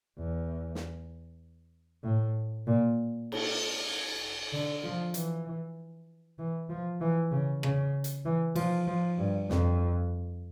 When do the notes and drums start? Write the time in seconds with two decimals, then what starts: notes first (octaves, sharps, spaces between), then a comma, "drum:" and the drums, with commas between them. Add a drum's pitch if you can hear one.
0.18 E2
0.75 drum: snare
2.04 A2
2.67 A#2
3.32 drum: cymbal
4.53 D3
4.84 F3
5.14 E3, drum: hi-hat
6.39 E3
6.69 F3
7.01 E3
7.31 C#3
7.63 C#3, drum: rim click
8.04 drum: hi-hat
8.25 E3
8.56 F3, drum: cymbal
8.87 F3
9.18 G2
9.50 F2, drum: snare